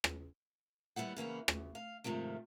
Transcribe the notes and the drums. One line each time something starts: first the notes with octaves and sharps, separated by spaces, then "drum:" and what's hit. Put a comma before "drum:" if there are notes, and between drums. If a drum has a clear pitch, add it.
drum: rim click
D#2 G3 B3 E4 F#5
C#3 E3 A#3 B3
D2, drum: rim click
F5
G#2 C3 D#3 F3 A3